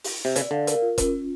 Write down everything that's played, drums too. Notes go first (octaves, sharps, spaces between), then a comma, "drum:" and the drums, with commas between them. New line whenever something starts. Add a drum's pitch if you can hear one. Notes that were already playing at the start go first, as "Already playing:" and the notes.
drum: open hi-hat
C3
C#3 D5, drum: hi-hat
D3 F5
A#4, drum: hi-hat
F4
C#4, drum: kick F1, hi-hat
F4